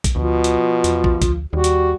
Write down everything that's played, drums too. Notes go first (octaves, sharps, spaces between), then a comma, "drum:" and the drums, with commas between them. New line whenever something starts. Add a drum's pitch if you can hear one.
drum: kick, hi-hat
D2 B2 F3
drum: hi-hat
E2, drum: hi-hat
drum: kick
D2, drum: kick, hi-hat
D#2 G3 F#4
drum: hi-hat